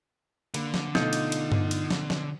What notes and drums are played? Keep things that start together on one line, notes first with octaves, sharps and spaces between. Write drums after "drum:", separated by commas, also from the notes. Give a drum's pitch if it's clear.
D3 A#3 F5 B5, drum: cymbal
drum: snare
B2 A3 D#4 F4, drum: snare
drum: cymbal
drum: cymbal
drum: tom G2
drum: cymbal
drum: snare
drum: snare